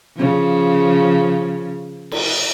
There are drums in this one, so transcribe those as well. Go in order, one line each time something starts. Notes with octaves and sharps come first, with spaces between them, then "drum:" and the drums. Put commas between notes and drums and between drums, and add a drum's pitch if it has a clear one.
C#3 F3
drum: cymbal